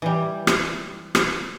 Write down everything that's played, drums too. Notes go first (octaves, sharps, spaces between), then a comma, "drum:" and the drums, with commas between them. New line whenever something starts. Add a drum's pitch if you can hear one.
E3 G3
drum: rim click
drum: rim click